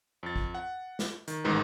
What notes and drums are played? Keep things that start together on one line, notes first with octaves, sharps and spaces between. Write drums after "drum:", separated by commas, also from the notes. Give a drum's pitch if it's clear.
F2 A6
drum: kick A1
F#5
drum: snare
D#3, drum: hi-hat
A1 G#2 D#3 G#3 D#4 B4